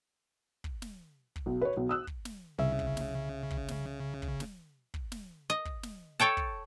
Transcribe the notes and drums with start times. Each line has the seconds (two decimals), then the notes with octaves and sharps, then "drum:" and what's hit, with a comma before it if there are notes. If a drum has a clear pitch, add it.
0.64 drum: kick
0.82 drum: snare
1.36 drum: kick
1.46 B1
1.61 B4 C#5
1.77 B1
1.89 D#6 E6 F#6
2.07 drum: kick
2.25 drum: snare
2.58 C2 C#3 E5
2.79 drum: kick
2.97 drum: snare
3.50 drum: kick
3.68 drum: snare
4.22 drum: kick
4.40 drum: snare
4.94 drum: kick
5.12 drum: snare
5.50 D#5
5.65 drum: kick
5.83 drum: snare
6.20 A4 C#5 G5 A5
6.37 drum: kick